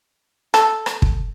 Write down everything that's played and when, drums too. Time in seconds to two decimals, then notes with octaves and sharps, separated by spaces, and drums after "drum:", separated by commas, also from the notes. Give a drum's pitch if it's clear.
0.54 A4, drum: rim click
0.86 drum: rim click
1.02 drum: kick